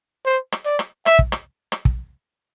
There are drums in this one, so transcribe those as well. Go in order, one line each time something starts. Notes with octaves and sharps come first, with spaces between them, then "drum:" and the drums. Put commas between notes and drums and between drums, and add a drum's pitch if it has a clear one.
C5
drum: rim click
D5
drum: rim click
E5, drum: rim click
drum: kick
drum: rim click
drum: rim click
drum: kick